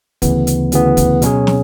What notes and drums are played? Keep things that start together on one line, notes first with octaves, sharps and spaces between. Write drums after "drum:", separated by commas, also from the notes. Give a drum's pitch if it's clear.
D2 C#3 E3 B3, drum: kick, hi-hat
drum: hi-hat
D2 C#3 E3 B3, drum: hi-hat
drum: kick, hi-hat
B2 F#3 C#4 G#4, drum: hi-hat
drum: snare